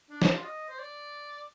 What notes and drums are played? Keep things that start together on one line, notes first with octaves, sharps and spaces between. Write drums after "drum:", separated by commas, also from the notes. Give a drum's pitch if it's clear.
D4
D#4, drum: snare
F4
D#5
C5
D5